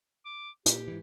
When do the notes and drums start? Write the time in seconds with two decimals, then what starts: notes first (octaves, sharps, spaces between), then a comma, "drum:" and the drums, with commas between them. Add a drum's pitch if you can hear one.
0.25 D6
0.66 A#2 G4, drum: hi-hat
0.88 G#2 E3